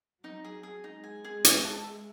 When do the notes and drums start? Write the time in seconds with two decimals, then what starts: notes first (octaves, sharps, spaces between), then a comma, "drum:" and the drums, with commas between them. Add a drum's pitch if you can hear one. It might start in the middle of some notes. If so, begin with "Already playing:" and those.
0.24 F#3 D#4
0.45 G#4
0.63 G#4
0.84 G#3 D#4
1.04 G#5
1.24 G#4
1.44 E5, drum: hi-hat
1.65 A5
1.84 E5